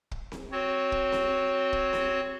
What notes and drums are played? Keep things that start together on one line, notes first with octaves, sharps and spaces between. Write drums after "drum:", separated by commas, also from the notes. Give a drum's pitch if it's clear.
drum: kick
drum: snare C4
C4 F#4 C#5
drum: kick
drum: snare C4
drum: kick
drum: snare C4